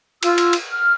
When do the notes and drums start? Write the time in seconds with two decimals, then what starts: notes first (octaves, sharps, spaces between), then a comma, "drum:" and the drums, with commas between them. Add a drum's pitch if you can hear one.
0.23 F4 E6, drum: cymbal
0.38 drum: cymbal
0.53 drum: cymbal
0.71 F6